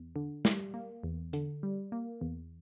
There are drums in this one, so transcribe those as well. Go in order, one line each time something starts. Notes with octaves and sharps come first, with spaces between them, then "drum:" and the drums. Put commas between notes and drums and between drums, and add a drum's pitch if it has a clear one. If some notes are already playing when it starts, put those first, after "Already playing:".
Already playing: E2
D3
G3, drum: snare
A#3
E2
D3, drum: hi-hat
G3
A#3
E2